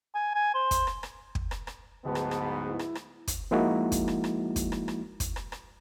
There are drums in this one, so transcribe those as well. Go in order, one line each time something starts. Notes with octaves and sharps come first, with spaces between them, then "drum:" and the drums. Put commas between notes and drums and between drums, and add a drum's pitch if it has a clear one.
G#5
G#5
C5
drum: kick, hi-hat
drum: rim click
drum: rim click
drum: kick
drum: rim click
drum: rim click
D1 G#2 B3 A5
drum: rim click
drum: rim click
E4
drum: rim click
drum: rim click
drum: kick, hi-hat
F3 G#3 A#3 D#4 E4 F#4
drum: kick, hi-hat
drum: rim click
drum: rim click
drum: kick, hi-hat
drum: rim click
drum: rim click
drum: kick, hi-hat
drum: rim click
drum: rim click